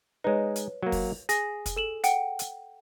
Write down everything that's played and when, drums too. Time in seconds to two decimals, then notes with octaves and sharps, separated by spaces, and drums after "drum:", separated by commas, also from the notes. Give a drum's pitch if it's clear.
0.24 G#3 D#4 B4 C#5
0.56 drum: hi-hat
0.83 F#3 A#3
0.92 drum: kick, open hi-hat
1.29 G#4 A#6, drum: hi-hat
1.66 drum: kick, hi-hat
1.76 A4 E7 F#7
2.04 F#5 G5, drum: hi-hat
2.39 drum: hi-hat